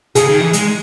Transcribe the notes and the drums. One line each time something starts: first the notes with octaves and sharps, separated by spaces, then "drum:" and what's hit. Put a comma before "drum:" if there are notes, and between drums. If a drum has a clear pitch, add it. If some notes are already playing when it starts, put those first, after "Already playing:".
C#3 G#4, drum: hi-hat
D#3
E3
G#3, drum: hi-hat